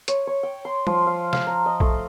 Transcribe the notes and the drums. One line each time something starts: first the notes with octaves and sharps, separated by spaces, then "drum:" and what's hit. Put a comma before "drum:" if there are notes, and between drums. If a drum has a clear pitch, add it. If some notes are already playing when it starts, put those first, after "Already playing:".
C#5, drum: hi-hat
C#5
G5
C6
F3, drum: tom
F5
F5, drum: snare
A#5
D#5
A3, drum: kick A#1